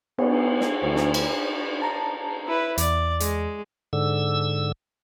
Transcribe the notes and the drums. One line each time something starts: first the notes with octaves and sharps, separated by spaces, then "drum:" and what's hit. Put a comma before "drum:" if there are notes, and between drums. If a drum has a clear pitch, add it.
B3, drum: cymbal
drum: snare
D2, drum: cymbal
drum: snare
drum: cymbal
A5 A#5
E4 B4
E2 D5, drum: hi-hat
G#3, drum: hi-hat
G#2 D3 E6